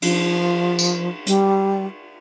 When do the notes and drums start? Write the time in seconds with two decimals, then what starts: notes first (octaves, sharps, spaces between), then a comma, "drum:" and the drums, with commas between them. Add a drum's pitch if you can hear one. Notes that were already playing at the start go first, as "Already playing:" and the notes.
0.02 F3, drum: cymbal
0.79 drum: tambourine
1.27 G3, drum: hi-hat